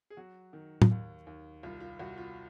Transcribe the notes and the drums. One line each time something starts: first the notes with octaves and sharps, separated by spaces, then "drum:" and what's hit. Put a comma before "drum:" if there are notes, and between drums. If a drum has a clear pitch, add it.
G#4
F#3 F#4
D#3
drum: tom
D#2
D#2
C2 F4
F4
C2 F#4
F4